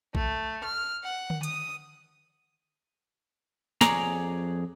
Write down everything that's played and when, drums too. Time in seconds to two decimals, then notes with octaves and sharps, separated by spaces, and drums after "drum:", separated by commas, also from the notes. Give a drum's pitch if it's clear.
0.15 A3, drum: kick A#1
0.64 F6
1.04 F#5
1.30 drum: tom D3
1.43 D#6, drum: hi-hat
3.81 F2 G#4 C#5 D5 A#5, drum: snare